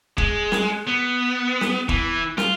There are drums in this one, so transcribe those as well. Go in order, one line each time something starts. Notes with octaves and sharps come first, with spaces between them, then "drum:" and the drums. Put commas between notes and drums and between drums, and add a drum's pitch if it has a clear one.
G#3, drum: kick
drum: snare
B3
drum: snare
E3, drum: kick
F4, drum: snare